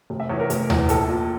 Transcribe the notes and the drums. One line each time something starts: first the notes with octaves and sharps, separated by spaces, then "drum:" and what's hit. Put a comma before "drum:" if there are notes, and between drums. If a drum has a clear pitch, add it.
F1
E5
E2 E3 C#5
A#4
F1, drum: hi-hat
E2 E3, drum: tom D#2
A#1 A4, drum: hi-hat
A#2